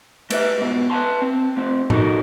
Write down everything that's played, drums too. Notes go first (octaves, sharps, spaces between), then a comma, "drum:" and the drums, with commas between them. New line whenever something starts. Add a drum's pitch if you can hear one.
A3 B4 E5, drum: cymbal
G#2 B2
B4 E5 F5 G#5 A5 C6
C4
C3 A3 C4
A#2 D#4 F#4 G4 A4 A#4, drum: tom A2